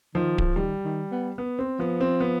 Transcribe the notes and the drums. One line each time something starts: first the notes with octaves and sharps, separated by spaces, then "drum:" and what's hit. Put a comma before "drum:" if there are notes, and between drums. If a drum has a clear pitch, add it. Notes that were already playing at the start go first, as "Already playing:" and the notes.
D#3 F3
drum: kick D1
D#3 G3
D#3
B3
B3
C4
F3 B3
C4
B3